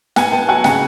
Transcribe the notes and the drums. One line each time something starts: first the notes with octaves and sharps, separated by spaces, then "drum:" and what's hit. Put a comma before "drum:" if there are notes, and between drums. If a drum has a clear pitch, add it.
B3 F#5 G#5, drum: snare
B3 G5 A5
F#3 F#5 G#5
C#3 F#5 G#5, drum: snare